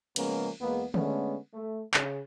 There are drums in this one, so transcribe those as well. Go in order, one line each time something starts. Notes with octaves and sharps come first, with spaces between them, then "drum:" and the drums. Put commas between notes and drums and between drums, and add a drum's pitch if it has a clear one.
C#3 F3 G#3 A#3 B3 C#4, drum: cymbal
E2 G#3 A#3 B3
D3 G#3 A3 B3 C#4, drum: tom D3
A3
C#3, drum: clap